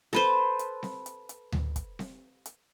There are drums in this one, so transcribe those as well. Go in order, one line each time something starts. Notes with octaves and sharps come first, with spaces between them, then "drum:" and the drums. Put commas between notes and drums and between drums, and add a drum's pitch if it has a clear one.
A4 B4 C5, drum: snare C4
drum: hi-hat
drum: snare C4
drum: hi-hat
drum: hi-hat
drum: tom D2
drum: kick, hi-hat
drum: snare C4
drum: hi-hat